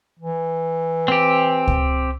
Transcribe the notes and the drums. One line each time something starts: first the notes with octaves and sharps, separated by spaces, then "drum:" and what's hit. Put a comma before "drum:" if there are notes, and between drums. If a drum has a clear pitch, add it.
E3
C4 G4
drum: kick C#2